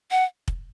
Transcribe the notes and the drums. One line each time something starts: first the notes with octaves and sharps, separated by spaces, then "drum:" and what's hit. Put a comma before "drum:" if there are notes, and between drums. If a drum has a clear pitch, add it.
F#5
drum: kick